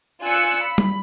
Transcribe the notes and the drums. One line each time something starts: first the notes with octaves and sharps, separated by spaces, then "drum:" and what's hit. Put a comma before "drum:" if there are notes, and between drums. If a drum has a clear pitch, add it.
F4 D5 G#5 E6 F#6 C#7
B5
drum: tom G3